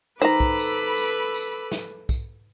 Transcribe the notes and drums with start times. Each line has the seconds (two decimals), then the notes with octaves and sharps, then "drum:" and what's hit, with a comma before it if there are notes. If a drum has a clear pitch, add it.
0.22 D#3 A4 B4 C5 A#5 B5 D6 E6, drum: tambourine
0.40 drum: kick
0.59 drum: tambourine
0.97 drum: tambourine
1.34 drum: tambourine
1.72 drum: snare
2.09 drum: kick, tambourine